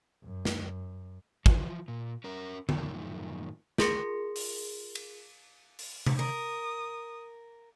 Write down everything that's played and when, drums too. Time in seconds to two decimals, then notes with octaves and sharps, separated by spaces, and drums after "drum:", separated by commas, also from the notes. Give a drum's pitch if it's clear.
0.24 F#2
0.45 drum: snare
1.46 E3 F3, drum: kick
1.88 A#2
2.24 C#4 A#4
2.69 F#2 A2 D#3 F3, drum: tom D3
3.78 F4 G#4 A#4 C6 A#6 C#7, drum: snare
4.36 drum: open hi-hat
4.95 drum: cymbal
5.79 drum: open hi-hat
6.06 drum: tom C3
6.19 A#4 D#6